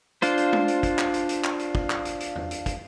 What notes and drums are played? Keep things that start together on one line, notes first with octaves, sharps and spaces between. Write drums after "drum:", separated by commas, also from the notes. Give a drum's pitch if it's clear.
D4 F4 C5, drum: hi-hat
drum: hi-hat
drum: tom G#3
drum: hi-hat
drum: kick, hi-hat
drum: clap
drum: hi-hat
drum: hi-hat
drum: clap
drum: hi-hat
drum: kick
drum: clap
drum: hi-hat
drum: hi-hat
drum: tom E2
drum: hi-hat
drum: kick, hi-hat